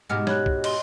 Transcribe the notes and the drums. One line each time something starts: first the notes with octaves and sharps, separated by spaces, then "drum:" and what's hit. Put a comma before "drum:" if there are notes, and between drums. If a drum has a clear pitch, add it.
G#2 B2 G4 D#5 F#5 F6
C#5 B5 F#6, drum: snare
drum: kick
D#5 C6, drum: cymbal